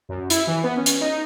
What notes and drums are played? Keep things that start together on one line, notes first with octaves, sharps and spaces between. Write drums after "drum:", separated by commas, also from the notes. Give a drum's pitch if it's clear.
F#2
E4, drum: hi-hat
E3
B3
C#4
drum: hi-hat
D#4